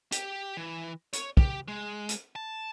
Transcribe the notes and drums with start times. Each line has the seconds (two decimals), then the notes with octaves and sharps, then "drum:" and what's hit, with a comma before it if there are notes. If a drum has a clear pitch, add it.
0.12 G4, drum: hi-hat
0.57 E3
1.13 C#5, drum: hi-hat
1.37 G4, drum: kick
1.68 G#3
2.09 drum: hi-hat
2.36 A5